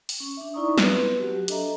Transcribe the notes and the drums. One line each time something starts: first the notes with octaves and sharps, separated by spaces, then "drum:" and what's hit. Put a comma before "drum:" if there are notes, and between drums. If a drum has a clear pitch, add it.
drum: open hi-hat
C#4
D4 E5
D#4 E4 D5 A#5 C#6 D#6
B3 C4 B4, drum: snare
F#3 F#4 G4
D4 A4 D#5 E5 A#5, drum: hi-hat